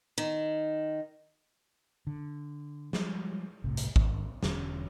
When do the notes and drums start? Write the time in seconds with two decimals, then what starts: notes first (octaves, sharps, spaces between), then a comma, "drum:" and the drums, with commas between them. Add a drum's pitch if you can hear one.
0.18 D#3
2.07 D3
2.93 F3 G3 G#3, drum: snare
3.64 G1 C2 A2 C3
3.77 drum: hi-hat
3.96 G#1, drum: kick
4.43 E1 E2 D3 C#4, drum: snare